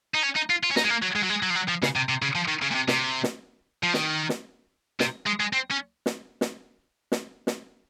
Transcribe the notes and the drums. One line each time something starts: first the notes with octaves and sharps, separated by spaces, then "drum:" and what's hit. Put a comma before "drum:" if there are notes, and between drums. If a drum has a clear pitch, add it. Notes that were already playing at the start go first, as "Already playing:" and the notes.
D#4
C#4
D#4
F4
F4
C#4
D#4, drum: snare
G#3
A#3
F#3
G#3
F#3
G#3
F#3
F3
F#3
F3
C#3, drum: snare
C3
C3
C#3
F3
D#3
C#3
A#2
C3
C3, drum: snare
drum: snare
F3
D#3, drum: snare
drum: snare
C3, drum: snare
G#3
G#3
C4
C#4
drum: snare
drum: snare
drum: snare
drum: snare